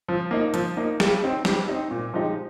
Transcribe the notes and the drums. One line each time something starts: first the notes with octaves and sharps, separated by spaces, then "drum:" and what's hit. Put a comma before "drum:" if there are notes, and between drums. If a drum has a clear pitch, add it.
F3
A#3 D#4
F3, drum: hi-hat
A#3 D#4
G3, drum: snare
C4 D#4
G3, drum: snare
C4 D#4
A#2
F3 G#3 D#4 G4